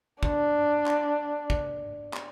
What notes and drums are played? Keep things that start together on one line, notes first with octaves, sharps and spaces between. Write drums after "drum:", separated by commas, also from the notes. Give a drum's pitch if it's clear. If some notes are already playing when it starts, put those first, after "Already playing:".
D4, drum: kick
drum: clap
drum: kick
drum: clap